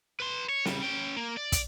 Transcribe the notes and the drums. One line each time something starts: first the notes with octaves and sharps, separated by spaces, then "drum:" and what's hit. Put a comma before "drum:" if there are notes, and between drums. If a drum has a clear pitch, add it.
B4 C6
C#5
C#3 G3, drum: snare
C#4 G5
A#3
D5
drum: kick, hi-hat